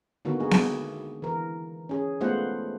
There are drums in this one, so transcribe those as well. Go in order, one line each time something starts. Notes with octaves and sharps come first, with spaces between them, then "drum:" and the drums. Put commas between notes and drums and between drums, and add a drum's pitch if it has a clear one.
D3 D#3 A#3 B3 F#4
G#3 G#4
drum: snare B3
E3 A#4
C#4 G#4
G#3 A3 B3 F4 C5 F#5